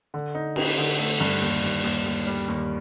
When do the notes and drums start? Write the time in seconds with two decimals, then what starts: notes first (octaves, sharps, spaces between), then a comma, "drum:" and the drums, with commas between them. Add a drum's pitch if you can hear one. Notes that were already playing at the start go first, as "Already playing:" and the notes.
0.14 D3
0.35 D#4
0.56 D#4, drum: cymbal
0.78 D3
0.98 A3
1.21 G2
1.42 D#2
1.63 D#2
1.84 D#2, drum: hi-hat
2.06 D#2
2.27 G3
2.48 D#2